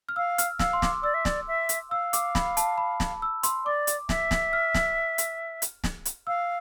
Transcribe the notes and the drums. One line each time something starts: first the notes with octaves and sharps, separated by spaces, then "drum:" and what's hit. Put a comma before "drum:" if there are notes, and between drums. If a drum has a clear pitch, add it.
F6
F5 E6
F6, drum: hi-hat
F5 E6, drum: snare
C6
D6, drum: snare
D5 E6
E5
D5, drum: snare
E5
drum: hi-hat
F5 E6
D6, drum: hi-hat
B5, drum: snare
A5, drum: hi-hat
B5
drum: snare
E6
C6, drum: hi-hat
D5 D6
drum: hi-hat
E5, drum: snare
drum: snare
F6
drum: snare
drum: hi-hat
drum: hi-hat
drum: snare
drum: hi-hat
F5 E6